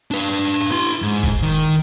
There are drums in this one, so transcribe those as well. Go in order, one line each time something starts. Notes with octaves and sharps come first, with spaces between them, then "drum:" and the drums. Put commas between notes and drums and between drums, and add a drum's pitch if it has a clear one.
D4 B4
E4 C6
G#2
drum: kick F1
D#3